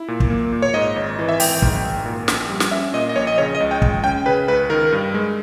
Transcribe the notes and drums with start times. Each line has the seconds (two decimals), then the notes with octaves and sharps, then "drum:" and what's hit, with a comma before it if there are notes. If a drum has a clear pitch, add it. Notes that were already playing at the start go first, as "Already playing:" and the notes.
Already playing: E4
0.08 A#2
0.20 drum: kick
0.30 A#3
0.52 A#2
0.62 C#5
0.74 G#2 D#5
0.96 G#1
1.19 E3
1.29 E5
1.40 G#1 G5, drum: open hi-hat
1.62 G#2, drum: kick
1.84 G#1
2.06 A#2
2.28 A#1, drum: snare
2.50 G3
2.60 drum: snare
2.71 C#4 E5
2.94 A#2 D#5
3.09 D#5
3.16 A#1 C#5
3.27 D#5
3.38 C#3 C#5
3.55 D#5
3.60 C#2
3.71 G5
3.82 G#3, drum: kick
4.04 C#4 G5
4.26 C#3 B4
4.48 C#2 B4
4.70 D#3 A#4
4.92 G2
5.14 G#3